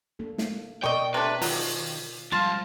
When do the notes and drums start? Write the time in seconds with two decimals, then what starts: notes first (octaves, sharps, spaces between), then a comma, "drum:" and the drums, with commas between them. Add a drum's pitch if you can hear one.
0.19 A#3 D4 A4
0.38 drum: snare
0.84 B2 A#4 D5 D#5 G5 C#6
1.14 C3 A3 D4 B4
1.42 D#3 F#3 F4, drum: open hi-hat
2.32 C#2 F3 G3 F4 F5 A5